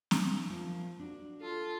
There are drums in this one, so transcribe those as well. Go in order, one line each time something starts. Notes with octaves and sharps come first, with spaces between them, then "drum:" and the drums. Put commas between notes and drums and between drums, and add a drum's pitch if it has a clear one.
drum: snare C4
F3 A#3
D4 F#4
F4 A4